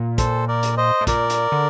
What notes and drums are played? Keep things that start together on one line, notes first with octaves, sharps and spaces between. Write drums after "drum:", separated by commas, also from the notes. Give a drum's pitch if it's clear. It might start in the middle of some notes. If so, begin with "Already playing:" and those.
Already playing: A#2
A4 C5, drum: kick, hi-hat
A#4 D5
drum: hi-hat
C5 D#5
A2
A#2 A#4 D5, drum: kick, hi-hat
drum: hi-hat
D3